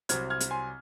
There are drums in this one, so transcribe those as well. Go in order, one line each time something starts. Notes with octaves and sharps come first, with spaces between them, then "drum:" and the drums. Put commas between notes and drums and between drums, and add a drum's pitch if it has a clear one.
C2 C3 F#3 C4 F6 G#6, drum: hi-hat
F6 G#6
drum: hi-hat
G#5 C6